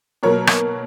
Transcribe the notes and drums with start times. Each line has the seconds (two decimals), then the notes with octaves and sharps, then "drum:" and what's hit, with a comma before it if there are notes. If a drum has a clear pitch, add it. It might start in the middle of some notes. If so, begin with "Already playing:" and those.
0.23 B2 F#3 A#3 A#4 C#5
0.47 drum: rim click